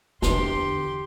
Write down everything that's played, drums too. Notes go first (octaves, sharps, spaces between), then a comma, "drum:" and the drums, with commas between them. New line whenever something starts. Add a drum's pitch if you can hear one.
E2 D3 G4 C6, drum: snare